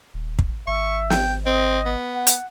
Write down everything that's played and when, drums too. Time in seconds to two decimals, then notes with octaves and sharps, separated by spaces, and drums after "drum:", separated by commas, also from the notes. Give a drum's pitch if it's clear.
0.14 D#1
0.39 drum: kick
0.67 G#1 E5 C#6
1.10 G5, drum: snare
1.46 C4 D#5
1.86 B3
2.15 F#5
2.27 drum: hi-hat